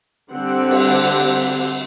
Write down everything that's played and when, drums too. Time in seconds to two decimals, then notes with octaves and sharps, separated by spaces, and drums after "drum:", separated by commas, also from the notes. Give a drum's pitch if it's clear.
0.32 D3 G3 C4 G4 F#5
0.71 drum: cymbal